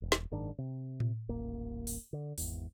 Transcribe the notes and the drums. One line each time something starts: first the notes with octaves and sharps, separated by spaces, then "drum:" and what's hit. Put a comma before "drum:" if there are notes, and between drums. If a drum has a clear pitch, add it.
E1
drum: snare
F#1 G#2 D#3 D4
C3
drum: tom A2
D#1 A1 A#3
drum: open hi-hat
D3
G#1 E2, drum: open hi-hat